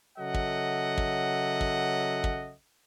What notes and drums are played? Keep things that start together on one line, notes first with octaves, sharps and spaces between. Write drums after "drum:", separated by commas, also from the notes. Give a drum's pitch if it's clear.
C#3 F#3 A4 D#5 E5 F#5
drum: kick
drum: kick
drum: kick
drum: kick